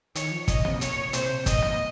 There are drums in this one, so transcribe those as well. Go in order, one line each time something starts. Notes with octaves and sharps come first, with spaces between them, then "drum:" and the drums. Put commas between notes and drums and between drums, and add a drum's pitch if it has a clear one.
D#3 C#5, drum: hi-hat
F3
D#3 D#5, drum: kick, hi-hat
C3, drum: snare
C#5, drum: hi-hat
A#2
C3 C5, drum: hi-hat
C3
G#2 D#5, drum: kick, hi-hat
drum: snare